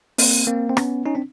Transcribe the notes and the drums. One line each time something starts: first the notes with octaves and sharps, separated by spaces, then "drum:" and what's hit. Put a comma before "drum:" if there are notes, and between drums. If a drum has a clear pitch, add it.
A#3 C4, drum: open hi-hat
A#3 C4
C4
B3 C#4, drum: rim click
C#4 D#4
C4 D4